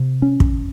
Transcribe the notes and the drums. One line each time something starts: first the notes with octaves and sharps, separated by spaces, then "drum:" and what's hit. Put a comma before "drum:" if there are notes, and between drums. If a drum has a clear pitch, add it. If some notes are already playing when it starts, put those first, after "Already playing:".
Already playing: C3
C#4
drum: kick